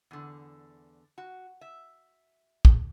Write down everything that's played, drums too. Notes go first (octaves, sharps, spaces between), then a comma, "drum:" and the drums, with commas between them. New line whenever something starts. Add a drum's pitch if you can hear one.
E2 D3
F#4
E5
drum: kick